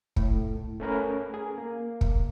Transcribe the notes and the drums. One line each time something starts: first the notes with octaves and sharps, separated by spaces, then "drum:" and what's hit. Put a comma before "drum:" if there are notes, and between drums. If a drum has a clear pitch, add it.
A2, drum: kick
A3 C#4 A#4 B4
G#4
A#3
drum: kick